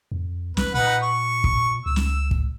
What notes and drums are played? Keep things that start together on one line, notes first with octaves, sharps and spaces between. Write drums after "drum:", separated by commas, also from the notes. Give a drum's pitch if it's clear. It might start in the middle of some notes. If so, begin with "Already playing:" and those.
F2
B1 B4, drum: snare
A#2 D#4 B4 F#5
C#6
drum: kick
C#2 E6
drum: snare
drum: kick